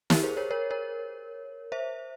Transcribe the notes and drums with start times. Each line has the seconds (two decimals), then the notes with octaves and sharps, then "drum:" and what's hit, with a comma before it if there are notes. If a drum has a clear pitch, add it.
0.10 G4 A#4, drum: snare
0.23 G#4 C5
0.37 A#4 C#5
0.51 A#4 C#5
0.70 A#4 C#5
1.72 C5 E5